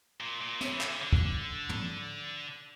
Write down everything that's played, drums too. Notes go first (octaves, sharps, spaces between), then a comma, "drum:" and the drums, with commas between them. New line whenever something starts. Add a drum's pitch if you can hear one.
A#2
A#2
C3, drum: snare
E3
D3, drum: clap
D3
drum: kick
drum: tom